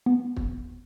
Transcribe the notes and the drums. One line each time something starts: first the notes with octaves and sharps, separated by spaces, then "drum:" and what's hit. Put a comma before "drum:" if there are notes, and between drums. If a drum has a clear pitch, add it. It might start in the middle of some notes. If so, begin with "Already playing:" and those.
B3
drum: kick